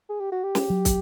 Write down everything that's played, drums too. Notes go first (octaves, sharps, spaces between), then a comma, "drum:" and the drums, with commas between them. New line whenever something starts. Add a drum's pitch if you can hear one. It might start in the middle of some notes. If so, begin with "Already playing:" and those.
G#4
G4
F#4
G4
drum: snare
F#3
drum: kick, hi-hat